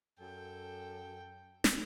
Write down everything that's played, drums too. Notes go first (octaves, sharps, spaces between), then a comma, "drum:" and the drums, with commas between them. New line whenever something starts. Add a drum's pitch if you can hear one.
F#2 A4 G5
drum: snare